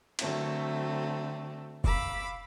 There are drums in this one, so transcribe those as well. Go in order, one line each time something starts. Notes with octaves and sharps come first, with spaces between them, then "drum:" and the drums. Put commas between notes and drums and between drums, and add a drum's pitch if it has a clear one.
D3 F#3 A3 C4, drum: cymbal
F5 B5 D6 E6, drum: kick F1